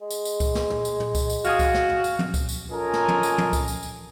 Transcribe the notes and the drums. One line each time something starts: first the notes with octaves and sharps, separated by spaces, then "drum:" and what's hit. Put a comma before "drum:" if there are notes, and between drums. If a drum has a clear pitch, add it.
G#3
drum: tambourine
drum: tambourine
drum: kick C2, tambourine
drum: snare
drum: tom
drum: tambourine
drum: tom
drum: kick C2, tambourine
drum: tambourine
F#4 F5 G#5 D#6, drum: tambourine
drum: kick C2, tambourine
drum: snare
drum: tom
drum: tambourine
drum: tom
drum: kick C2, tambourine
drum: tambourine
C#4 F4 A4 A#4 D#5 G#5
drum: snare
drum: tom
drum: tambourine
drum: tom
drum: kick C2, tambourine
drum: tambourine
drum: tambourine